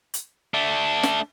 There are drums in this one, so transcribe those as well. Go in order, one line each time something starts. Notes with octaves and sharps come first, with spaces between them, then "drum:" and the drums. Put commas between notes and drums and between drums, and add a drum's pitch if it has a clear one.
drum: hi-hat
A3 D4
drum: snare